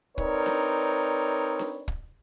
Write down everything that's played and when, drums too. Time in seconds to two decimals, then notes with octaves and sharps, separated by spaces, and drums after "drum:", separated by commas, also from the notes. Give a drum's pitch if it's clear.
0.18 C4 D#4 A#4 B4 C#5 D5, drum: kick
0.46 drum: snare D4
1.59 drum: snare D4
1.88 drum: kick